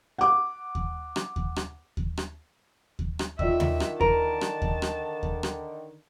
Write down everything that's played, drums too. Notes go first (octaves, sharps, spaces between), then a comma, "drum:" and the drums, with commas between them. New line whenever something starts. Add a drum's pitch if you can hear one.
F#5 D6
drum: kick D#2
drum: rim click
drum: kick D#2
drum: rim click
drum: kick D#2
drum: rim click
drum: kick D#2
drum: rim click
D3 D#3 F4 D5 E5 E6, drum: kick D#2
drum: tom D#2
drum: rim click
A#4 A5, drum: kick D#2
drum: rim click
drum: kick D#2
drum: rim click
drum: kick D#2
drum: rim click